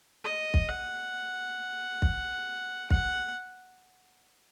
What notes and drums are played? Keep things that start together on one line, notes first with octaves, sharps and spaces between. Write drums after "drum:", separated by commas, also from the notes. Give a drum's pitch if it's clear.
D#5
drum: kick
F#5
drum: kick
F#5, drum: kick